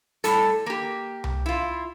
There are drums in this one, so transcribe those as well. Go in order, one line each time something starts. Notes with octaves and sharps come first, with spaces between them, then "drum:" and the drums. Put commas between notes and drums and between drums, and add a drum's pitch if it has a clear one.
A2 G3 A4, drum: hi-hat
A#3 G4
drum: tom C2
E4 F4